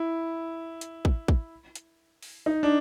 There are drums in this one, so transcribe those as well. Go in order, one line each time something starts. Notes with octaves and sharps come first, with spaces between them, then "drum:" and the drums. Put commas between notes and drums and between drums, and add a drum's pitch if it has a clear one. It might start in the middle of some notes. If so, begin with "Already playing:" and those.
Already playing: E4
drum: hi-hat
drum: kick
drum: kick
drum: hi-hat
drum: open hi-hat
D#4
D4